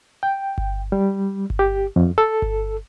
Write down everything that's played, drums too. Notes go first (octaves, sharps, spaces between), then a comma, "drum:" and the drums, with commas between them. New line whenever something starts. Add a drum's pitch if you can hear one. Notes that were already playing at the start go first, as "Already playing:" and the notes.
G5
drum: kick G1
G3
drum: kick G1
G4
F2
A4
drum: kick G1